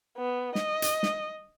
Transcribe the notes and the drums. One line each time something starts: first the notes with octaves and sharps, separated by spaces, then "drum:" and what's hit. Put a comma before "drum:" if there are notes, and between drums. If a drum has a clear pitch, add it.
B3
D#5, drum: snare
drum: hi-hat
drum: snare